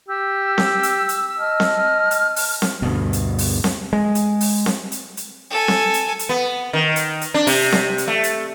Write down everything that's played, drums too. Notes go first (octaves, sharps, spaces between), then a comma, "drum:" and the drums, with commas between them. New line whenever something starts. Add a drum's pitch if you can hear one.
G4 E6
drum: snare C4
drum: hi-hat
drum: hi-hat
D#5 A5 F6
drum: snare C4
drum: hi-hat
drum: open hi-hat
drum: snare C4
D2 G2 B2
drum: hi-hat
drum: open hi-hat
drum: snare C4
G#3
drum: hi-hat
drum: open hi-hat
drum: snare C4
drum: hi-hat
drum: hi-hat
A4 G#5
drum: snare C4
drum: hi-hat
drum: hi-hat
B3
D#3
drum: hi-hat
drum: hi-hat
D4
C3, drum: open hi-hat
drum: snare C4
drum: hi-hat
A3
drum: hi-hat